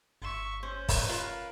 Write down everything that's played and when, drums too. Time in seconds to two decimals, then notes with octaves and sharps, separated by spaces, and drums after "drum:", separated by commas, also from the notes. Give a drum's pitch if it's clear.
0.22 G1 E5 C#6 E7
0.63 C#4 C5
0.89 drum: kick, open hi-hat
1.09 F4 A#4 B4